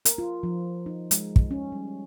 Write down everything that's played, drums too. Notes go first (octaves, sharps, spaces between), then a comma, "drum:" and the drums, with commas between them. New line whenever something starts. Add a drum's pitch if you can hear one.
A#4, drum: hi-hat
F4
F3
D#4
G#3, drum: hi-hat
drum: kick
C#4
G3